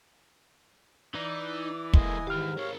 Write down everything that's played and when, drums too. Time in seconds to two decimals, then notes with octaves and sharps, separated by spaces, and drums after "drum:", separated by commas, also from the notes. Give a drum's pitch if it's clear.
1.14 E3 D#4 D5
1.93 G#3 A#3 D#5 G#5, drum: kick
2.27 G#2 D#3 G4 F5 F6
2.57 G#4 A#4 C#5 F5